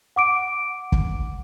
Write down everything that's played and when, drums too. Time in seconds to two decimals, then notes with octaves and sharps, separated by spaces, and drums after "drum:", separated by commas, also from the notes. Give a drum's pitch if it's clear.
0.16 F#5 D6 D7
0.92 drum: kick